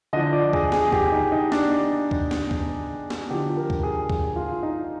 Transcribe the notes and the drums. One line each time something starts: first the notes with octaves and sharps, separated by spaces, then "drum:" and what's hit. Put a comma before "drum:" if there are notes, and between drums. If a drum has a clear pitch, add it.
D3 F3 D#5
D5
G#4, drum: kick
G#4, drum: snare
G4, drum: kick
D#4
D#4
D4, drum: snare
D4
drum: kick
drum: snare
drum: kick
drum: snare
D3 F3 G4
A#4
drum: kick
G#4
drum: kick
F4
D#4